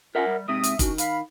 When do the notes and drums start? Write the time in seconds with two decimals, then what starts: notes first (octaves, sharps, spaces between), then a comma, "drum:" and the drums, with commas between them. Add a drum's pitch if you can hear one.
0.15 C#4 F4 A#4 E5 F#5
0.27 G3
0.48 G#2 C3 E5 D#6
0.64 drum: hi-hat
0.79 D#3 C#4 D4 F#4, drum: kick, hi-hat
0.98 F5 B5, drum: hi-hat